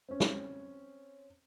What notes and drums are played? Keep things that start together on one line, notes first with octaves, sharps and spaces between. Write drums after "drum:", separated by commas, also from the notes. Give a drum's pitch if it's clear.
C4 C#4
drum: snare